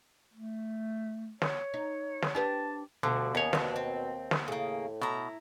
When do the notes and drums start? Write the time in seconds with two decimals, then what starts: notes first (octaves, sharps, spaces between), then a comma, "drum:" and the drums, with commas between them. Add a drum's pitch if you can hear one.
0.34 A3
1.42 C#5, drum: snare
1.74 D#4
2.22 drum: snare
2.35 D4 G4 B4 A5
3.03 D2 B2 D3 F3 G3
3.35 D#2 B3 C#4 C#5
3.53 B2 C4 D4, drum: snare
3.76 C4
4.31 drum: snare
4.48 A2 C#3 A#3
5.02 B2 E4 A#5